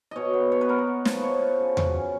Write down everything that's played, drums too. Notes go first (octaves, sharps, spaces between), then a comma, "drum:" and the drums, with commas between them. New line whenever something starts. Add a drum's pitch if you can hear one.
B2 C#5 D#5
B3
B3 C#5
B4
B3 A#4
B4
B3
F3, drum: snare
B4
F3 C#5
F4
C#3
F#3, drum: tom E2
C#4